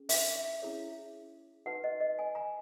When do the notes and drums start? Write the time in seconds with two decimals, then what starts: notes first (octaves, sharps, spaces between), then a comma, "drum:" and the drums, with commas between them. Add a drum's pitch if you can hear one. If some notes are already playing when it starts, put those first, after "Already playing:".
Already playing: C#4 G#4
0.09 E5, drum: open hi-hat
0.36 E5
0.62 C#4 E4 G#4 C#5
1.66 D#4 F#4 B4 F#5
1.84 D#5
2.01 D#5
2.19 G#5
2.35 A#5